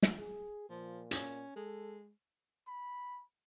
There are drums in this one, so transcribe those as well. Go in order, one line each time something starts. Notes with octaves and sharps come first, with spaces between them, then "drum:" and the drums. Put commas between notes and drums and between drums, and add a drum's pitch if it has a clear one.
drum: snare
G#4
A#2 F3
C#4, drum: hi-hat
G#3 A4
B5